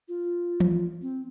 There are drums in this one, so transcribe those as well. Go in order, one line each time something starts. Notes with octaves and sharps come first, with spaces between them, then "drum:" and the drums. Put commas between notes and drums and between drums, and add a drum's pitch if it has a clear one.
F4
drum: tom E3
C4